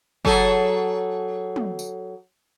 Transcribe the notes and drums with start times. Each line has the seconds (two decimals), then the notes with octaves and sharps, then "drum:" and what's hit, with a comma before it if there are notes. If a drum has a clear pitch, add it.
0.25 F#3 G#4 A4, drum: kick
1.56 drum: tom
1.79 drum: tambourine